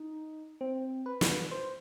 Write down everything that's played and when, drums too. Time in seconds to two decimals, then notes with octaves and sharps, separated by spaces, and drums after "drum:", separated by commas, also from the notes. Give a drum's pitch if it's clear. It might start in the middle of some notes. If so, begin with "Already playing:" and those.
Already playing: D#4
0.61 C4
1.06 B4
1.21 drum: snare
1.51 C5